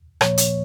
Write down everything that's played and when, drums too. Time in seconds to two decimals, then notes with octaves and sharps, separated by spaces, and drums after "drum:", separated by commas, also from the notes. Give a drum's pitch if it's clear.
0.21 A#2 F3 A#3 C#5, drum: rim click
0.38 drum: hi-hat